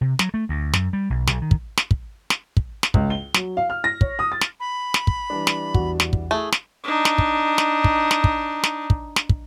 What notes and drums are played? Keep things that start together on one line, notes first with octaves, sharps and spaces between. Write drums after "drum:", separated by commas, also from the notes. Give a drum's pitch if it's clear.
C3
F#3, drum: snare
A3
D2
F#2, drum: snare
G3
B1
B1, drum: snare
D#3
drum: kick
drum: snare
drum: kick
drum: snare
drum: kick
drum: snare
C#2, drum: kick
G7
F#3, drum: snare
F5
F6
A#6
C#5, drum: kick
D#6
A6
drum: snare
B5
drum: snare
drum: kick
E3 G3 D4
drum: snare
E2 F#4, drum: kick
drum: snare
drum: kick
A3 E4 G#4
drum: snare
D4 D#4
drum: snare
drum: kick
drum: snare
drum: kick
drum: snare
drum: kick
drum: snare
drum: kick
drum: snare
drum: kick